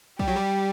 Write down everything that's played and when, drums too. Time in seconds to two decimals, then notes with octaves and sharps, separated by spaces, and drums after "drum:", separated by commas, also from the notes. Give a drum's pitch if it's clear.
0.19 G3 G4, drum: kick
0.28 F#3
0.36 G3